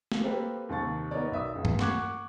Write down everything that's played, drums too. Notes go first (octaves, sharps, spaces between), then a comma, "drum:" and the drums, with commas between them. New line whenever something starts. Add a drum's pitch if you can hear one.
drum: snare
A#3 C4 G4 A4 B4
D#2 C3 C#6 A6
B3 D#4 A#4 C#5 D5
B1 E5 D#6
C#2
drum: tom G2
F#5 C#6 D6 F#6 G#6, drum: snare